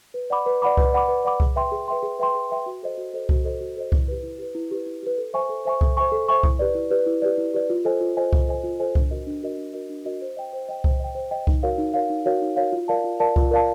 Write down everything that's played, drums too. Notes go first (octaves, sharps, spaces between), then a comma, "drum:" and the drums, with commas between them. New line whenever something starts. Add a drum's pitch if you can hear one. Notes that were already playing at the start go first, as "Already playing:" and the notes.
B4
D5 F#5 B5 D6
B4
D5 F#5 B5 D6
B4, drum: kick C2
D5 F#5 B5 D6
B4
D5 F#5 B5 D6
G#4, drum: kick C2
B4 E5 G5 C6
G#4
B4 E5 G5 C6
G#4
B4 E5 G5 C6
G#4
B4 E5 G5 C6
F#4
A4 C5 D#5
F#4
A4 C5 D#5
F#4, drum: kick C2
A4 C5 D#5
F#4
A4 C5 D#5
E4, drum: kick C2
G4 B4
E4
G4 B4
E4
G4 B4
E4
G4 B4
A4
C5 E5 G#5 C#6
A4
C5 E5 G#5 C#6
A4, drum: kick C2
C5 E5 G#5 C#6
A4
C5 E5 G#5 C#6
E4, drum: kick C2
G4 B4 D5
E4
G4 B4 D5
E4
G4 B4 D5
E4
G4 B4 D5
F4
A4 C5 D#5 G#5
F4
A4 C5 D#5 G#5
F4, drum: kick C2
A4 C5 D#5 G#5
F4
A4 C5 D#5 G#5
D4, drum: kick C2
F#4 A#4 D#5
D4
F#4 A#4 D#5
D4
F#4 A#4 D#5
D4
F#4 A#4 D#5
C5
D#5 G5
C5
D#5 G5
C5, drum: kick C2
D#5 G5
C5
D#5 G5
D#4, drum: kick C2
F#4 A#4 C#5 F5
D#4
F#4 A#4 C#5 F5
D#4
F#4 A#4 C#5 F5
D#4
F#4 A#4 C#5 F5
F4
A#4 D5 F5 A5
F4
A#4 D5 F5 A5
F4, drum: kick C2
A#4 D5 F5 A5